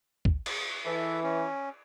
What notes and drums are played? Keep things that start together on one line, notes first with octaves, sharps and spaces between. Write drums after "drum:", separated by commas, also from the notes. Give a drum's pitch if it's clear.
drum: kick
drum: cymbal
E3 A4 E5
C#4